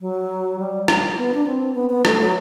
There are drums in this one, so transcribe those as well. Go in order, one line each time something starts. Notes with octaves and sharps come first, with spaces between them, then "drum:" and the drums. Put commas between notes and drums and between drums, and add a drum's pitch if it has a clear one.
F#3
G3
drum: rim click
B3
D4
C4
B3
B3
A3, drum: rim click
F#3